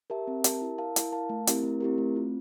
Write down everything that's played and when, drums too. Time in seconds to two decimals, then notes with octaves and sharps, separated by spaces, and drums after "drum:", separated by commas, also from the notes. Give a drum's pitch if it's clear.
0.10 G4 A#4 E5 A5
0.27 C4
0.44 G4 A#4 E5 A5, drum: hi-hat
0.62 E4
0.78 A#4 F5 A5
0.96 E4, drum: hi-hat
1.12 A#4 F5 A5
1.29 A3
1.47 C4 E4 G4 A#4, drum: hi-hat
1.63 A3
1.81 C4 E4 G4 A#4
1.98 A3
2.15 C4 F4